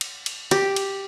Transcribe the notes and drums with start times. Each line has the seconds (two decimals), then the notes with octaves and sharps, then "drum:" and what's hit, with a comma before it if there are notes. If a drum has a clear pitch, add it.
0.01 drum: cymbal
0.26 drum: cymbal
0.51 G4, drum: cymbal
0.76 drum: cymbal